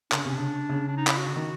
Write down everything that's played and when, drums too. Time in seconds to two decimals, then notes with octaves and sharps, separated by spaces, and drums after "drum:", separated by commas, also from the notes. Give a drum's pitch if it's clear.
0.12 C#3 D4, drum: clap
0.23 C3 C#4
0.35 C#3 D4
0.69 C#3
0.88 D4
0.97 D#4
1.07 E4, drum: clap
1.17 F#4
1.27 D3
1.36 D#3